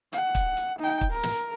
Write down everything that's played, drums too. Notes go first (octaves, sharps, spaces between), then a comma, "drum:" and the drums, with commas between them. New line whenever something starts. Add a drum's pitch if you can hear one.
F#5, drum: hi-hat
drum: kick, hi-hat
drum: hi-hat
D#4 G5
drum: kick
A#4
drum: snare